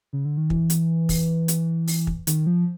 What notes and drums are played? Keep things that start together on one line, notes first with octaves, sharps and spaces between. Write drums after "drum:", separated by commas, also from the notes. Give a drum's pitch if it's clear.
C#3
D3
D#3
E3, drum: kick
drum: hi-hat
drum: kick, open hi-hat
drum: hi-hat
drum: open hi-hat
drum: kick
D#3, drum: hi-hat
F3